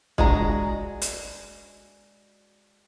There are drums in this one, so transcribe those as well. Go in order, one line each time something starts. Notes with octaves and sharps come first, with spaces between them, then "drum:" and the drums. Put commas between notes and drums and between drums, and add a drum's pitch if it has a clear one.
G#3 D4 F#4 G#4 A#5, drum: kick
drum: hi-hat